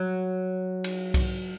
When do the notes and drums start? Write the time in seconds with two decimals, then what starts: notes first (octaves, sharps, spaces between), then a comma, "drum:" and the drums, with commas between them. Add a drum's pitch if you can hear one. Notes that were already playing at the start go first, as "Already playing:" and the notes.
Already playing: F#3
0.84 drum: cymbal
1.14 drum: kick B1, cymbal